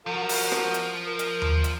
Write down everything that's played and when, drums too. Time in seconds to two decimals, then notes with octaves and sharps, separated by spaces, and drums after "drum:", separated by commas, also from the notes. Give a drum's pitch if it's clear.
0.07 F3 F#4 A#4 A#5
0.29 drum: open hi-hat
0.52 drum: rim click
0.74 drum: hi-hat
1.08 A#4
1.19 drum: hi-hat
1.42 drum: tom D#2
1.64 drum: hi-hat